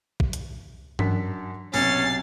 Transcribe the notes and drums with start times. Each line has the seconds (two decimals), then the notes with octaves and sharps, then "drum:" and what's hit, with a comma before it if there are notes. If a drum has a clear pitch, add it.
0.20 drum: kick
0.33 drum: hi-hat
0.99 F#2 D4 B6, drum: tom G2
1.74 B1 C3 C#4 A6 C7, drum: open hi-hat